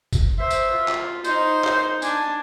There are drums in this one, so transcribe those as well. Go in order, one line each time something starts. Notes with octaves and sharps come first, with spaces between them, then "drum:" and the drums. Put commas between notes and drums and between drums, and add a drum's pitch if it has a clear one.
drum: kick, tambourine
C5 E5
drum: tambourine
F4
drum: clap
D#4 C5, drum: tambourine
drum: clap
D4 G#5 A5, drum: tambourine